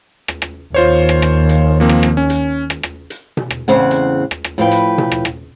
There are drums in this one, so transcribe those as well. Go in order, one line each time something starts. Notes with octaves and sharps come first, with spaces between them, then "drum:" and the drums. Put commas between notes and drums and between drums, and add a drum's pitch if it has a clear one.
drum: rim click
drum: rim click
D#2 F4 C5 C#5
drum: rim click
drum: rim click
drum: hi-hat
F3 A#3 C4
drum: rim click
drum: rim click
C#4
drum: hi-hat
drum: rim click
drum: rim click
drum: hi-hat
drum: tom B2
drum: rim click
E2 A2 C#3 C4 F#5
drum: hi-hat
drum: rim click
drum: rim click
A2 F3 B4 G5
drum: hi-hat
drum: tom B2
drum: rim click
drum: rim click